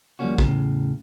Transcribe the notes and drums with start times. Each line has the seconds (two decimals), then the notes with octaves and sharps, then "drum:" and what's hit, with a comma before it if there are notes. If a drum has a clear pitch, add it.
0.19 D2 F3 G3 A#3 C#4 F#4
0.38 E2 A2 C#3, drum: kick